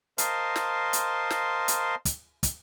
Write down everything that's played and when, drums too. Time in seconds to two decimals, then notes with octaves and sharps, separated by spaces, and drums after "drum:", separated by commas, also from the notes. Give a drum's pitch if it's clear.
0.18 A#4 C5 D#5 F5 A5 C6, drum: hi-hat
0.56 drum: snare
0.93 drum: hi-hat
1.30 drum: snare
1.68 drum: hi-hat
2.05 drum: kick, hi-hat
2.43 drum: kick, hi-hat